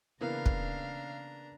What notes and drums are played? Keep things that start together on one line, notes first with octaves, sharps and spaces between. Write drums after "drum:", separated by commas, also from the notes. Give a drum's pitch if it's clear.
C#3 E3 A#3 B3 D4 F5 A#5
drum: kick